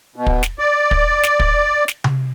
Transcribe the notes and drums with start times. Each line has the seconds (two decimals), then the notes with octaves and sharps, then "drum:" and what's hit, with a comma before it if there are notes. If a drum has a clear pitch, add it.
0.16 B2
0.26 drum: kick
0.43 drum: snare
0.59 D5
0.91 drum: kick
1.23 drum: snare
1.40 drum: kick
1.88 drum: snare
2.04 drum: tom C3